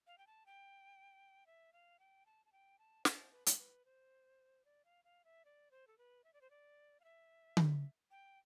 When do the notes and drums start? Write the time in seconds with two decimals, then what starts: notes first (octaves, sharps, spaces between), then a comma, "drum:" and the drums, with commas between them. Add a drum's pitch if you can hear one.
0.07 F5
0.18 G5
0.27 A5
0.46 G5
1.47 E5
1.73 F5
1.99 G5
2.26 A5
2.46 A5
2.52 G5
2.79 A5
3.05 C5, drum: snare
3.32 B4
3.46 A4, drum: hi-hat
3.59 B4
3.85 C5
4.65 D5
4.85 F5
5.04 F5
5.25 E5
5.45 D5
5.71 C5
5.87 A4
5.98 B4
6.24 E5
6.33 D5
6.41 C5
6.50 D5
7.00 F5
7.04 E5
7.57 drum: tom D3
8.11 G5